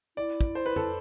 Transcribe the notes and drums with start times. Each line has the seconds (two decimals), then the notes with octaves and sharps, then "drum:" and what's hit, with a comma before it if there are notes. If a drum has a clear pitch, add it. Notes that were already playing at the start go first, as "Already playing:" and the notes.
0.17 E4 D5
0.41 drum: kick
0.55 C5
0.66 B4
0.76 A4, drum: tom F2